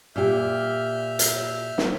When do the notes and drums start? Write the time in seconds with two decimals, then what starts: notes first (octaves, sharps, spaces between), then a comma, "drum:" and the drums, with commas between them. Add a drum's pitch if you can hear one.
0.16 A#2 G4 E5 F6 G6
1.19 drum: hi-hat
1.78 drum: snare